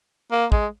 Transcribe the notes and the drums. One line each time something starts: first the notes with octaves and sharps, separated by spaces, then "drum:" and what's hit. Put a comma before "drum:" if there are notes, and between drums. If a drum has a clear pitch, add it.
A#3
G#3, drum: kick